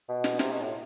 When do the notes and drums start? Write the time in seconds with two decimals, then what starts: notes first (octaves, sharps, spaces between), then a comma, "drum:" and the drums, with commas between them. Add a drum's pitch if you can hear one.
0.09 B2
0.24 drum: snare
0.39 C3, drum: snare
0.51 B2
0.61 A2